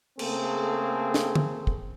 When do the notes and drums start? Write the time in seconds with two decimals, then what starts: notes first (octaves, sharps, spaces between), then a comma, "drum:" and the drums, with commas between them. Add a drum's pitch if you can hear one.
0.19 C#3 A3 A#3 C4 G#4 A4, drum: cymbal
1.14 drum: snare
1.35 drum: tom
1.67 drum: kick